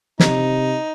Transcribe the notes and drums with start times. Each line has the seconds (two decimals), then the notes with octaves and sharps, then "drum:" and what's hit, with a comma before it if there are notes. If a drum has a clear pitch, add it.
0.20 C3 D#4, drum: snare